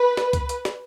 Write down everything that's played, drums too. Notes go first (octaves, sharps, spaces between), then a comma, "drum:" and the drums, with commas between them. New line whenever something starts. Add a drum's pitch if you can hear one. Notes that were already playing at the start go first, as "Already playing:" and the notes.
Already playing: B4
drum: snare
drum: kick C#2, hi-hat
drum: hi-hat
drum: snare